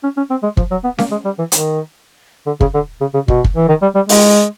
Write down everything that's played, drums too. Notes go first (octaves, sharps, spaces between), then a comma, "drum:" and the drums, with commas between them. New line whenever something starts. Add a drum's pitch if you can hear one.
C#4
C#4
C4
G#3
F3, drum: kick
F#3
B3
A#3, drum: snare C#4
G#3
G3
E3
D#3, drum: hi-hat
D3
C#3, drum: kick
D3
C#3
C#3
B2, drum: kick
drum: kick
E3
D#3
G3
G3
G#3, drum: open hi-hat